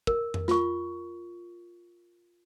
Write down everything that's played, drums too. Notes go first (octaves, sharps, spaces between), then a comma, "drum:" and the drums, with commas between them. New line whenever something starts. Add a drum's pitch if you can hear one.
A#4, drum: kick
drum: tom F2
F4 C#6, drum: snare